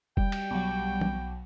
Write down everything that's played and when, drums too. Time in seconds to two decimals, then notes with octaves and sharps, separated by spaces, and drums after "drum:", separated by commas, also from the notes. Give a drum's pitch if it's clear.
0.17 G3 G5, drum: kick
0.32 drum: cymbal
0.51 B1 F#3
1.01 drum: tom E3